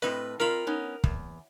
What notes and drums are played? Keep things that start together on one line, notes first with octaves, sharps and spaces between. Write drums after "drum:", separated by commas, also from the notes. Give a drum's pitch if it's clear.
A2 C4 B4 D#5
C4 F4 A#4 D#5 B5
B3 C#4 D#4
E2, drum: kick